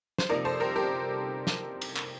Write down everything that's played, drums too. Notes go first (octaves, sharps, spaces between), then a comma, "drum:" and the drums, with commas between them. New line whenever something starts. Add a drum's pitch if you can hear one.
C5, drum: snare
C3 F3 A#3 D#4 A#4 D5
A4 C5
G4 A#4
G4 A#4
drum: snare
drum: cymbal
drum: clap